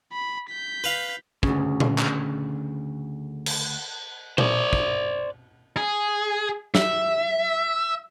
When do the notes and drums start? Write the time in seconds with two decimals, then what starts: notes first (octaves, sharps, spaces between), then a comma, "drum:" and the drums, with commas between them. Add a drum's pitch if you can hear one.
0.12 B5
0.50 G6 B6
0.84 B4 F5
1.43 D2 C#3, drum: kick
1.80 drum: tom A#2
1.98 drum: clap
3.46 drum: cymbal
4.38 C5 D5, drum: tom A#2
4.73 drum: kick
5.77 G#4
6.75 E5, drum: snare